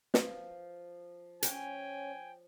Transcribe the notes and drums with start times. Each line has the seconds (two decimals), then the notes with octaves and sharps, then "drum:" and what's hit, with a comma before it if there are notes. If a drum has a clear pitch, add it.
0.14 F3 B4, drum: snare
1.43 C#4 G5 G#5, drum: hi-hat